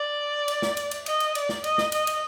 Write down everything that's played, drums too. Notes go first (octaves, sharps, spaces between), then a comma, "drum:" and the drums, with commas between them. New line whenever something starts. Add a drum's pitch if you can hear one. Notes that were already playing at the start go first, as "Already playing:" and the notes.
Already playing: D5
drum: cymbal
drum: snare
drum: cymbal
drum: cymbal
D#5, drum: cymbal
drum: cymbal
D5, drum: cymbal
drum: snare
D#5, drum: cymbal
drum: snare
D#5, drum: cymbal
drum: cymbal